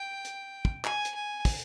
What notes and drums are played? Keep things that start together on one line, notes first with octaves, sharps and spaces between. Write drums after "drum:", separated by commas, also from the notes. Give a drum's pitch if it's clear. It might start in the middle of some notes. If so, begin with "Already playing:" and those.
Already playing: G5
drum: hi-hat
drum: kick
G#5, drum: clap
drum: hi-hat
G#5
drum: kick, open hi-hat